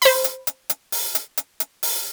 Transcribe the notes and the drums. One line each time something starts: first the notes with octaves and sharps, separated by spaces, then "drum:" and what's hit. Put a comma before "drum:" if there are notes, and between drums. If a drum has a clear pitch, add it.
C5 B5, drum: open hi-hat
drum: hi-hat
drum: hi-hat
drum: hi-hat
drum: open hi-hat
drum: hi-hat
drum: hi-hat
drum: hi-hat
drum: open hi-hat